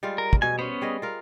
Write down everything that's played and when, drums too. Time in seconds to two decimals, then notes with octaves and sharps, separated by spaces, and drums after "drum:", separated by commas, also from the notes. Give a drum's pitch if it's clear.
0.03 G3 G#3 F4
0.18 A#4
0.33 drum: kick
0.42 B2 G#5
0.59 B3 C#4 C5
0.81 G3 G#4 D#5
1.02 F4 A#4